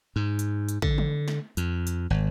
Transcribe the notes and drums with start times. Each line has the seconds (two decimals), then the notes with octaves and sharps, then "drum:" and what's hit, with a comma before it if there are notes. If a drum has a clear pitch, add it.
0.16 G#2
0.39 drum: hi-hat
0.69 drum: hi-hat
0.82 D3, drum: kick
0.98 drum: tom
1.28 drum: snare
1.57 F2, drum: hi-hat
1.87 drum: hi-hat
2.10 G#1